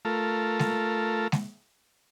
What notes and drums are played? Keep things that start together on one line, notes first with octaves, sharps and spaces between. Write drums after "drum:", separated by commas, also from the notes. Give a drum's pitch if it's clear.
A3 F4 A4 A#4
drum: snare G#3
drum: snare G#3